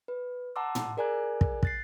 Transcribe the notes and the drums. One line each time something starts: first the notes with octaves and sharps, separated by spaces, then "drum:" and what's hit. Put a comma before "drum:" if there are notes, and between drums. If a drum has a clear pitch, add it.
B4
F#5 A5 A#5 C6 D6 E6
drum: tom
G#4 A#4 D5 G#5 A#5 F#6
drum: kick
F#6 A6 C7, drum: kick